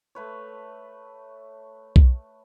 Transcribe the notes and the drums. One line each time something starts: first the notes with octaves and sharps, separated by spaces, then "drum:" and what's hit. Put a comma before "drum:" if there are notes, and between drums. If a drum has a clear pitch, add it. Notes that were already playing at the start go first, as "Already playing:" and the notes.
A3 B4 C#5
drum: kick B1